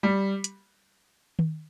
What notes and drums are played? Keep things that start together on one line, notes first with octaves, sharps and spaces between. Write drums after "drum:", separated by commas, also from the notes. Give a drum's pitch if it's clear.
G3
drum: hi-hat
drum: tom D#3